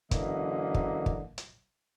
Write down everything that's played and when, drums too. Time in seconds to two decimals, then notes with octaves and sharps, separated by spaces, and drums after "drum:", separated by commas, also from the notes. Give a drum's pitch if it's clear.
0.11 F#2 D3 E3 A#3 D#5, drum: kick, hi-hat
0.74 drum: kick
1.06 drum: kick
1.38 drum: hi-hat